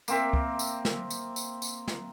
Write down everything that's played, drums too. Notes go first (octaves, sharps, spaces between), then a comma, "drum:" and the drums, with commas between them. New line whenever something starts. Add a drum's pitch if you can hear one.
A#3 C4 E5, drum: tambourine
drum: kick
drum: tambourine
drum: snare
drum: tambourine
drum: tambourine
drum: tambourine
drum: snare